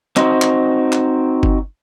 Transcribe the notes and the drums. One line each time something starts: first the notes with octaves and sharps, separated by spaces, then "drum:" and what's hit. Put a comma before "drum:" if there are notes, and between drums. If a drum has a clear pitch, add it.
C4 D#4 F#4 C5, drum: clap
drum: clap
drum: clap
drum: kick G1